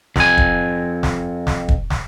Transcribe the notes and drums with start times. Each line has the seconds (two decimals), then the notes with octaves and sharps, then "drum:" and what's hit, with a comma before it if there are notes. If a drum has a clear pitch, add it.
0.16 F2 G#5, drum: snare
0.38 drum: kick
1.03 drum: snare
1.47 drum: snare
1.69 drum: kick
1.90 drum: snare